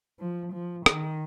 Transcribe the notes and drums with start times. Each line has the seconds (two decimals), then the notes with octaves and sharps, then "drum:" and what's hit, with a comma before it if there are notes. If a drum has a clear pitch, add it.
0.20 F3
0.53 F3
0.86 D#3, drum: rim click